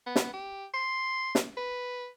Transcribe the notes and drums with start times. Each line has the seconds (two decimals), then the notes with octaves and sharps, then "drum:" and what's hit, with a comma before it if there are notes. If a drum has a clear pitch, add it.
0.07 B3
0.16 drum: snare
0.34 G4
0.74 C6
1.35 drum: snare
1.57 B4